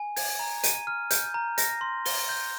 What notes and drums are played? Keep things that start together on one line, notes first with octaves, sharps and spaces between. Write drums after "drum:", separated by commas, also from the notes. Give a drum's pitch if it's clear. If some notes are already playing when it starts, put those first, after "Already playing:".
Already playing: G#5
G#6, drum: open hi-hat
A#5
D#7, drum: hi-hat
F6
G6, drum: hi-hat
A#5
A#6, drum: hi-hat
C6
G7, drum: open hi-hat
G6